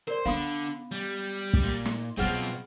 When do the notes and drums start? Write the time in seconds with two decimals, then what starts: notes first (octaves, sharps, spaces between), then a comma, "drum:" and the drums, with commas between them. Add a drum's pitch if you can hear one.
0.08 A#4 C5 D5
0.26 D3 B3 F5 B5 D#6
0.92 G3
1.54 drum: kick
1.63 A#2
1.85 drum: snare
2.18 B2 F#3 B3 C4 F4 G#4 F#5 F6